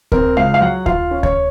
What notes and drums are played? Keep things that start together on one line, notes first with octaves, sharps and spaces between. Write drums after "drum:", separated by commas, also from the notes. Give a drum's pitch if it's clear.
C4 A#4, drum: kick D2
C#2 F5
F5
F#3 F#5
F4 F5, drum: kick D2
C#4
C#5, drum: kick D2